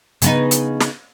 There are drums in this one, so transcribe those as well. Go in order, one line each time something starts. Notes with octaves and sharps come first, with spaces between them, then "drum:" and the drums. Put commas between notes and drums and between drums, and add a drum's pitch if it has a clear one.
C#3 B3 D#4, drum: hi-hat
drum: hi-hat
drum: snare